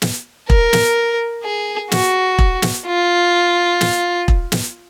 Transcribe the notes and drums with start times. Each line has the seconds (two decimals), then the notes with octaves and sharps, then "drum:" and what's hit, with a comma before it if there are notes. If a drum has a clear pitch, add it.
0.02 drum: snare
0.50 A#4, drum: kick E1
0.73 drum: snare
1.44 G#4
1.91 F#4, drum: snare
2.39 drum: kick E1
2.62 drum: snare
2.86 F4
3.81 drum: snare
4.28 drum: kick E1
4.52 drum: snare